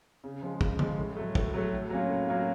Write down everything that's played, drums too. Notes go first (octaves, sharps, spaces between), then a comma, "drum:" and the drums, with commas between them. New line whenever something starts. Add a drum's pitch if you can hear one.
C#3
F3 G#3
C#3, drum: kick
F3 G#3, drum: tom
A2
F#3 A3
A2, drum: kick
F#3 A3
A2
F#3 A#3 C#4 F4
A2
F#3 A#3 C#4 F4